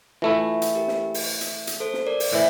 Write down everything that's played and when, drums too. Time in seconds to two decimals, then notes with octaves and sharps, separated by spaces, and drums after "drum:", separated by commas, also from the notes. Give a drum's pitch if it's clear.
0.22 E3 A3 E4 F4
0.62 drum: hi-hat
0.75 G4 A#4
0.88 drum: snare
1.14 drum: open hi-hat
1.41 drum: hi-hat
1.67 drum: hi-hat
1.80 A4 C5
1.94 drum: snare
2.07 A#4 D5
2.20 drum: open hi-hat
2.33 A2 E3 C5 E5